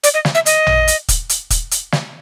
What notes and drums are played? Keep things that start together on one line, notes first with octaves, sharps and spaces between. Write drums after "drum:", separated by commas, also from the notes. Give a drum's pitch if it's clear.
D5, drum: hi-hat
D#5
drum: snare
E5
D#5, drum: hi-hat
drum: tom A1
drum: hi-hat
drum: kick, hi-hat
drum: hi-hat
drum: kick, hi-hat
drum: hi-hat
drum: snare